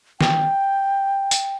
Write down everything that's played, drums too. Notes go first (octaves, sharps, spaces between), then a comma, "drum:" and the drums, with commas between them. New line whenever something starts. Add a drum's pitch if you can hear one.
G5, drum: snare D#3
drum: hi-hat